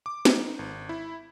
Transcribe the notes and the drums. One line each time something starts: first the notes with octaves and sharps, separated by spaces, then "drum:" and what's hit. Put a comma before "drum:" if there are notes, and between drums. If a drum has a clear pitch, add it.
D6
D#4, drum: snare
G#1
E4